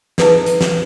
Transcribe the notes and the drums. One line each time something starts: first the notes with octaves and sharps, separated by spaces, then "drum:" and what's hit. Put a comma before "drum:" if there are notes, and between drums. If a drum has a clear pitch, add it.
D#4 E4 G#4 A4 B4 D5, drum: snare
drum: hi-hat
drum: snare